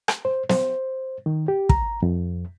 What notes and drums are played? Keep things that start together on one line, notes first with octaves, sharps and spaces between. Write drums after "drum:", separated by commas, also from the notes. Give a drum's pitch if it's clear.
drum: rim click
C5
C5, drum: snare
D#3
G4
A#5, drum: kick
F2